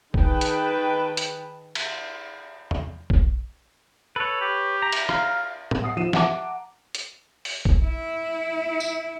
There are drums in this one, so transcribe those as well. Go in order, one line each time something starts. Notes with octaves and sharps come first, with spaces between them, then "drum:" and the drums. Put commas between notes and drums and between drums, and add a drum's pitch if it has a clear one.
D#3 G#4 B4 G5 A5, drum: kick A#1
drum: hi-hat
drum: hi-hat
drum: cymbal
drum: tom E2
drum: kick A#1
A4 B4 C#5
G4
A#5
drum: cymbal
F5, drum: rim click
drum: tom A2
F#5 D#6 C7
F3 D#7 E7
E5 F#5 A5 A#5 D6, drum: snare E3
drum: hi-hat
drum: open hi-hat
drum: kick A#1
E4
drum: tambourine